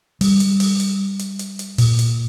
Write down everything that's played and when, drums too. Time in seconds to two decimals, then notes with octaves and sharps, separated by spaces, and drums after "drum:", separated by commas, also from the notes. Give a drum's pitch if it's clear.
0.21 G3, drum: open hi-hat
0.40 drum: hi-hat
0.60 drum: open hi-hat
0.80 drum: hi-hat
1.19 drum: hi-hat
1.39 drum: hi-hat
1.59 drum: hi-hat
1.78 A#2, drum: open hi-hat
1.99 drum: hi-hat